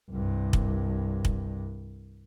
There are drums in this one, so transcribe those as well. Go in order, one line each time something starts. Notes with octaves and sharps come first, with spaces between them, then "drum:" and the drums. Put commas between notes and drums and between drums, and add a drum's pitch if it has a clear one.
C2 G2
drum: kick
drum: kick